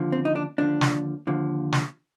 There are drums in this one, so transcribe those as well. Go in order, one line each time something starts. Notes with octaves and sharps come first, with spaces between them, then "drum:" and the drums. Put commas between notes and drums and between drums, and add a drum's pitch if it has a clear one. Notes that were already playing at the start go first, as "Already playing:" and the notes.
Already playing: D#2 D3 F3
C4
D#4
D4
D#2 D3 F3 D4
drum: snare
D#2 D3 F3
drum: snare